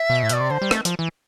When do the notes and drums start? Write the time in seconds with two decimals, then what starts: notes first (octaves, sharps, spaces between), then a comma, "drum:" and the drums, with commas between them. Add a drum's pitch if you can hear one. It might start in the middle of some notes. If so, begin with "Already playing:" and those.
Already playing: E5
0.10 B2
0.23 A2
0.29 B2 D5 E5, drum: hi-hat
0.40 C3
0.50 D3 C5
0.62 G3
0.71 A3, drum: rim click
0.85 F3, drum: hi-hat
0.99 E3